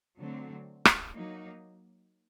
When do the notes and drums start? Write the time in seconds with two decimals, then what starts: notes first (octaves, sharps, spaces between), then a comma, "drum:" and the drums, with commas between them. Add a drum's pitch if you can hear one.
0.18 D3 F#3 A3 C4
0.85 drum: rim click
1.13 F#3 A#3 D#4